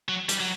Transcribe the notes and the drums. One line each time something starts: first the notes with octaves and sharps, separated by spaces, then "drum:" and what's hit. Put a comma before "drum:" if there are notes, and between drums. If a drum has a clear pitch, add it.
F#3
G3, drum: hi-hat
F#3